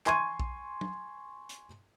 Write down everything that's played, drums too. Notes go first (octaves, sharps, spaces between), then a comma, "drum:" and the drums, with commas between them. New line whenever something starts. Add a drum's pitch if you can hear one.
G#5 C6 C#6 G#6 D#7, drum: clap
drum: kick A#1
drum: tom
drum: hi-hat